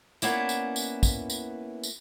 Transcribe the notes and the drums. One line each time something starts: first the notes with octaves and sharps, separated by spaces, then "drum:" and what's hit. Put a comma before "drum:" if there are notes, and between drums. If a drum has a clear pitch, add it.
A#3 B3 C#4 E4 D5, drum: tambourine
drum: tambourine
drum: tambourine
drum: kick, tambourine
drum: tambourine
drum: tambourine